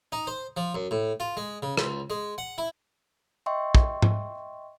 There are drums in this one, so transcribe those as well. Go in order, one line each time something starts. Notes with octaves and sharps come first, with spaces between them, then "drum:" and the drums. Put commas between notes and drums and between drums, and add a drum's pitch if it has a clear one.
D#4
C5
F3
F#2
A2
F4
G#3
C#3
C#2, drum: rim click
G#3
F#5
E4
D#5 E5 G5 C6 C#6
drum: kick
drum: tom G#2